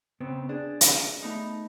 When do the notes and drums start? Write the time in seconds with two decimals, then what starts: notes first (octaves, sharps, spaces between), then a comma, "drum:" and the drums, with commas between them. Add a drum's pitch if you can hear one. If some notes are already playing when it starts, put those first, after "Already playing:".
0.20 C#3 B3 C4
0.49 D4 G#4
0.81 drum: hi-hat
1.22 A3 B3 D#4